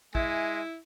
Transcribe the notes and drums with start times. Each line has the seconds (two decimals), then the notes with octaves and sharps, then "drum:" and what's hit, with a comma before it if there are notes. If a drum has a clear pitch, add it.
0.15 G#3 E4 E5 G#5, drum: kick